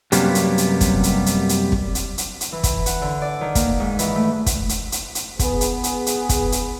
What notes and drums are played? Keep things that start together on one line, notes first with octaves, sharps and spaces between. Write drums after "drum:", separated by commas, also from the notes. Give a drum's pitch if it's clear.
F#2 C3 F#3 G3 A#3 B3, drum: hi-hat
drum: hi-hat
drum: hi-hat
drum: kick, hi-hat
drum: hi-hat
drum: hi-hat
drum: hi-hat
drum: kick
drum: hi-hat
drum: hi-hat
drum: hi-hat
E3
drum: kick, hi-hat
F#5, drum: hi-hat
D3
D5
D#3
A#3, drum: kick, hi-hat
G#2
E3, drum: hi-hat
A3
drum: kick, hi-hat
drum: hi-hat
drum: hi-hat
drum: hi-hat
B3 G#4, drum: kick, hi-hat
drum: hi-hat
drum: hi-hat
drum: hi-hat
drum: kick, hi-hat
drum: hi-hat